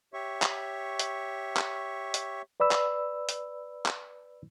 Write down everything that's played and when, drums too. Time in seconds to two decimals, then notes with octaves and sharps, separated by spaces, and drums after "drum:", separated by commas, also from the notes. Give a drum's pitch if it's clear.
0.14 G4 C#5 E5 C#6
0.42 drum: clap
0.99 drum: hi-hat
1.57 drum: clap
2.14 drum: hi-hat
2.60 B4 D5 B5 E6
2.71 drum: clap
3.29 drum: hi-hat
3.86 drum: clap